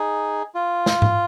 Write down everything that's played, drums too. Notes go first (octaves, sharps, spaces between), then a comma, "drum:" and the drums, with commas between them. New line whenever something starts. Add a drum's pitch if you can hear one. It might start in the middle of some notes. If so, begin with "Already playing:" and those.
Already playing: D#4 G#4
F4
drum: snare
drum: tom G#2